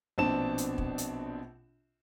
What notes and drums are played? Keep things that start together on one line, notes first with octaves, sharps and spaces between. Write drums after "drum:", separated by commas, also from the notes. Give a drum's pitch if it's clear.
A#1 B2 C4 D4 A5 E7
drum: hi-hat
drum: kick
drum: hi-hat